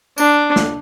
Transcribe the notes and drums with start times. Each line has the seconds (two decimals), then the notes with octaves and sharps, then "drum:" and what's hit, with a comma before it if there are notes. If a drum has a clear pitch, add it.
0.18 D4, drum: tambourine
0.56 drum: snare